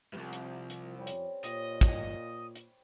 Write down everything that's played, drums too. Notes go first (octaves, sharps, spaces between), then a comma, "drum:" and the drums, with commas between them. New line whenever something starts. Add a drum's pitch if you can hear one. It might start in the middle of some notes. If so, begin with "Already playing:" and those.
C2 G2 F3
drum: hi-hat
drum: hi-hat
F2 G3 C4 C#4
drum: hi-hat
A#2 G4 C5 C#5 D#5, drum: hi-hat
drum: kick, hi-hat
drum: hi-hat